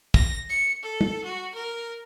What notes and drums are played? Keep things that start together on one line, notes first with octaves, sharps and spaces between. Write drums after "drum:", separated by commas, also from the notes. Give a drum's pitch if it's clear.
A#6, drum: kick
C#7
A4
drum: tom
F#4
A#4